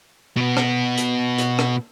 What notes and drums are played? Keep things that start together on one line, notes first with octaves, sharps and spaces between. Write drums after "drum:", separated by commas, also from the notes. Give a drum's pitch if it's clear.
B2 B3
drum: rim click
drum: hi-hat
drum: hi-hat
drum: rim click